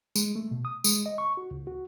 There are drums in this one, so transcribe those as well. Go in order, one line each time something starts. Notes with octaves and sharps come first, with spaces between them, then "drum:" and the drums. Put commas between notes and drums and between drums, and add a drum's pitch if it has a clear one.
G#3, drum: tambourine
A3
B2
D#6
G#3, drum: tambourine
D#5
C#6
F#4
C#2
F#4